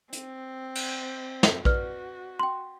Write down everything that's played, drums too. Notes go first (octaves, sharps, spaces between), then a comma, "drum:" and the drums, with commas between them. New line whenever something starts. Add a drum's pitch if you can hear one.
C4, drum: hi-hat
drum: cymbal
drum: snare
F#4 B4 D5 F6, drum: kick A#1
G5 C6